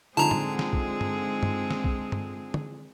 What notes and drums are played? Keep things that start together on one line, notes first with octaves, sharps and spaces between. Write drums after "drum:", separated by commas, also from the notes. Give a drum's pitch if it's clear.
D3 F3 G#3 C4 D#4 G#4 A5 A#5
drum: tom
drum: snare
drum: kick
drum: tom G2
drum: tom G2
drum: snare
drum: kick
drum: tom G2
drum: tom